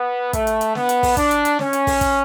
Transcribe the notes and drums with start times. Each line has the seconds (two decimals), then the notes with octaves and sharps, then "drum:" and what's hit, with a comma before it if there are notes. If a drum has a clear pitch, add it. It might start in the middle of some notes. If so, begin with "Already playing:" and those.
Already playing: B3
0.33 A3, drum: kick, hi-hat
0.47 drum: hi-hat
0.61 drum: hi-hat
0.75 B3, drum: snare
0.89 drum: hi-hat
1.03 drum: kick, open hi-hat
1.17 D4, drum: kick, hi-hat
1.31 drum: hi-hat
1.45 drum: hi-hat
1.59 C#4, drum: snare
1.73 drum: hi-hat
1.87 drum: kick, open hi-hat
2.01 drum: kick, hi-hat